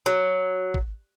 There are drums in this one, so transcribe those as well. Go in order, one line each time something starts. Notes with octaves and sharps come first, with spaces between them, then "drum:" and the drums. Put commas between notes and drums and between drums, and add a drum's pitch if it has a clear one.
F#3
drum: kick